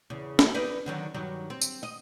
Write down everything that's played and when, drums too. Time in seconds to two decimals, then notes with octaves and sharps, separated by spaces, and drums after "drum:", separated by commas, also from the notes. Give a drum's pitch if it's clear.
0.10 E2 C#3
0.39 drum: snare
0.54 D#4 B4 D5
0.86 D3 D#3 F#3
1.14 G2 D#3 F#3
1.50 C4
1.61 drum: tambourine
1.83 D#5